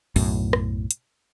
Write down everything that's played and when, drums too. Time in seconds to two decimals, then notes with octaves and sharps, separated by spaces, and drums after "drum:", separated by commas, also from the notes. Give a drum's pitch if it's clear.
0.16 B1 F#2 A2, drum: open hi-hat
0.53 drum: rim click
0.91 drum: hi-hat